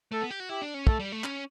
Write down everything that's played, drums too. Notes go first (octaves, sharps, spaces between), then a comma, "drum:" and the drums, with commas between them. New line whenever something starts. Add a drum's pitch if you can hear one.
A3 A4
B3
G4
F#4
E4 G4
D4
C#4
A3 A4, drum: kick
G3
A3
C#4, drum: clap